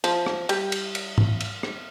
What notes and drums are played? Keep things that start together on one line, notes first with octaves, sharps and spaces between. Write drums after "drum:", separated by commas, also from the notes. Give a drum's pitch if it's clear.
F3, drum: cymbal
drum: rim click
G3, drum: cymbal
drum: cymbal
drum: cymbal
drum: tom G#2
drum: cymbal
drum: rim click